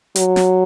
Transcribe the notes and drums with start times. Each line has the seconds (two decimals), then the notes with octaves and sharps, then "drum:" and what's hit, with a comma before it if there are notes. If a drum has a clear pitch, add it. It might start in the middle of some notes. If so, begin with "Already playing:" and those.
0.16 F#3, drum: hi-hat
0.36 drum: snare